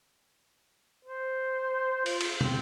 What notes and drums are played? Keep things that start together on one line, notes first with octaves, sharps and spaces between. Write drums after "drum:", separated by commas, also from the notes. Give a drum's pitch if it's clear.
C5
F4, drum: open hi-hat
drum: cymbal
C4, drum: tom